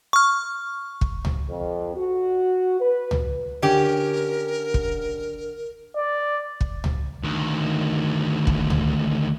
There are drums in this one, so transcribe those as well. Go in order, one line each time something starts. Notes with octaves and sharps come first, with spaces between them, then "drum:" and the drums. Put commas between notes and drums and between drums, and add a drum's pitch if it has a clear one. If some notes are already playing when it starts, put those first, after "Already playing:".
C#6 F6
drum: kick
drum: tom C#2
F2
F#4
B4
drum: tom C#2
D3 C#4 G4 A#4
drum: kick
D5
drum: kick
drum: tom C#2
D2 D#3
drum: kick
drum: tom C#2